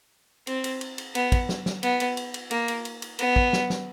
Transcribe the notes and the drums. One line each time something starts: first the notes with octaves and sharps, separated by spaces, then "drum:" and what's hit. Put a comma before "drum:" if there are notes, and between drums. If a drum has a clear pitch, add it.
C4, drum: cymbal
drum: cymbal
drum: cymbal
drum: cymbal
B3, drum: cymbal
drum: kick, cymbal
drum: snare
drum: snare
B3, drum: cymbal
drum: cymbal
drum: cymbal
drum: cymbal
A#3, drum: cymbal
drum: cymbal
drum: cymbal
drum: cymbal
B3, drum: cymbal
drum: kick
drum: snare
drum: snare